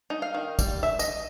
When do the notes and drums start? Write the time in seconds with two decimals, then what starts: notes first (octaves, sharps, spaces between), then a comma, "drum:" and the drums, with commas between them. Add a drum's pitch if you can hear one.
0.10 D#4
0.22 F5
0.34 D#3
0.59 G3, drum: kick, tambourine
0.83 E5
0.99 D#5, drum: tambourine